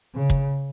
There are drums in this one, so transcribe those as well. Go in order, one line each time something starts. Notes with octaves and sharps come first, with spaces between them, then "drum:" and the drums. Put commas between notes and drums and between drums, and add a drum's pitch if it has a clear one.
C#3
drum: kick